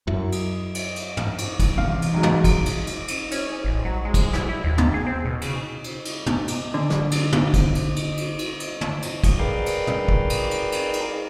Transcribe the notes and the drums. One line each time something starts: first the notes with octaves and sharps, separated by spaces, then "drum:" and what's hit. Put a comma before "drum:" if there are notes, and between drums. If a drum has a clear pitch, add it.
F#2 E4
drum: cymbal
drum: cymbal
drum: cymbal
drum: tom
drum: cymbal
drum: kick, cymbal
C3 E3 F5
drum: cymbal
G#2 F#3 G#3
drum: tom
drum: kick, cymbal
drum: cymbal
drum: cymbal
drum: cymbal
C#4, drum: cymbal
A1
F#3
G#3
drum: kick, cymbal
E4, drum: snare
E4
D#2
drum: tom
G#4
C4
B2
C#3, drum: cymbal
drum: cymbal
drum: cymbal
drum: tom
drum: cymbal
A#2 D3
drum: snare
drum: cymbal
drum: tom
drum: kick, cymbal
drum: cymbal
drum: cymbal
drum: cymbal
drum: cymbal
drum: cymbal
drum: tom
drum: cymbal
drum: kick, cymbal
G#4 A#4 B4 D5 F5 G5
drum: cymbal
drum: tom
drum: kick
drum: cymbal
drum: cymbal
drum: cymbal
drum: cymbal